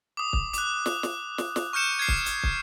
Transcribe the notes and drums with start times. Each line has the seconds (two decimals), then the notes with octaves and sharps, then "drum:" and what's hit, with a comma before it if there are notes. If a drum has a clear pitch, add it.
0.17 D6 D#6
0.33 drum: kick
0.53 D6 F#6, drum: hi-hat
0.86 drum: snare
1.03 drum: snare
1.38 drum: snare
1.56 drum: snare
1.73 C#6 F6 G6 C#7 E7
1.99 G#6 C7
2.08 drum: kick
2.26 drum: hi-hat
2.43 drum: kick